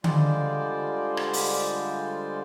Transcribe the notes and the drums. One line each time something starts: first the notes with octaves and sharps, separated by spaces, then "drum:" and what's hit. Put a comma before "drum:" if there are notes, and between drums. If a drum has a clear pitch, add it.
D3 G3 G#3 F4 C5 D5, drum: tom D3
drum: rim click
drum: open hi-hat